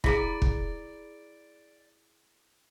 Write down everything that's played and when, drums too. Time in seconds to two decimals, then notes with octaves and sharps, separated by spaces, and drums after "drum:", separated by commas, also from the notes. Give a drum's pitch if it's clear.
0.04 E4 G#4 D5 A#5 B5, drum: kick
0.42 drum: kick